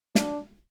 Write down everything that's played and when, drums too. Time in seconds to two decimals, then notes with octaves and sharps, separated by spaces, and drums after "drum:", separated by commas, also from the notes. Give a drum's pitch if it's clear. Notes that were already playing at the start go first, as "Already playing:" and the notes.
0.15 D4, drum: snare